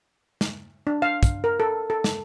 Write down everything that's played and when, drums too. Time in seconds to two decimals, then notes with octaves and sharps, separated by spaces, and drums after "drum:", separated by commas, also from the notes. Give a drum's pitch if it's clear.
0.41 drum: snare
0.87 D4
1.02 F5
1.23 drum: kick, hi-hat
1.44 A#4
1.60 A4
1.90 A4
2.04 drum: snare